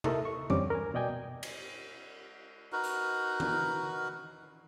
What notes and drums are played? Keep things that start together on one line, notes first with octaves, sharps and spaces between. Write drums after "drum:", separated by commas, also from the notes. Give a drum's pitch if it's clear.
D#4 E4 A4 A#4 D#5 E5, drum: tom C3
C#6
E2 D3 G3 C4 C#4 D6, drum: tom F#2
A#4 G#5
B2 D5 D#5 G5 G#5
drum: cymbal
D#4 F#4 A#4 B4
drum: hi-hat
drum: tom